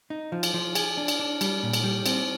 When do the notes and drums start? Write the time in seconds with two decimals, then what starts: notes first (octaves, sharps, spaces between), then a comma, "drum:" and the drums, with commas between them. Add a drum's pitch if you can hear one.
0.10 D#4
0.32 F3
0.43 drum: cymbal
0.54 F3
0.75 G#4, drum: cymbal
0.97 D4
1.08 drum: cymbal
1.19 D4
1.41 G3, drum: cymbal
1.63 A#2
1.73 drum: cymbal
1.84 G3
2.06 C4, drum: cymbal